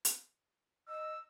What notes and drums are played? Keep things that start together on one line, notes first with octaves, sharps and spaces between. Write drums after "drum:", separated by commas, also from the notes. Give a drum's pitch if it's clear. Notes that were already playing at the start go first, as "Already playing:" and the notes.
drum: hi-hat
D#5 E6